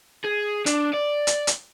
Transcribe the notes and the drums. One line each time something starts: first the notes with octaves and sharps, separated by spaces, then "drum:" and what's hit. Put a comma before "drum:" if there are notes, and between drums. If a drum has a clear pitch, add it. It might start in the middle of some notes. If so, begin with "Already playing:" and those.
G#4
D4, drum: hi-hat
D5
drum: hi-hat
drum: hi-hat